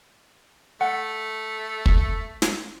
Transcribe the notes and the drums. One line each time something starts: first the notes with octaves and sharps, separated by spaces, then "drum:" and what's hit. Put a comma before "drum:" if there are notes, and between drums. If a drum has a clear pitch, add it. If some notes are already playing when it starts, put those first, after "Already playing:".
A3 F#5
drum: kick
drum: snare